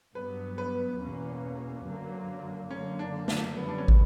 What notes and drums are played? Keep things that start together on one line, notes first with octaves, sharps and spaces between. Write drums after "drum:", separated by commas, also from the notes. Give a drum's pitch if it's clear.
G2 F#3 B3 B4
B4
E2 B2 A#3 C#4
F#2 D3 F#3 A#3
F#2 D3 A#3 C#4
D4
D4, drum: snare
F#2 D3 G3 B3
D4
C#4
B3, drum: kick